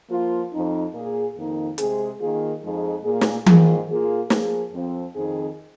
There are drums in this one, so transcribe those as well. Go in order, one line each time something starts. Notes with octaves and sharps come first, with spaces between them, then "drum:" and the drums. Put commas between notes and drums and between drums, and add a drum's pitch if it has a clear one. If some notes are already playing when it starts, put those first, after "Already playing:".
F3 A#3 F4
F2 F3 C4 D#4
A#2 A#3 G#4
F2 D#3 A#3 D#4
C3 G#3 C4 G#4, drum: hi-hat
D#3 A#3 F4 G#4
F2 F3 G#3 D#4 G#4
A#2 A#3 G#4
drum: snare
G#2 D#3 A#3 F4 G#4, drum: tom E3
A#2 A#3 F4 G#4
F3 A#3 G#4, drum: snare
F2 F3 C4
F2 D#3 C4 D#4 G#4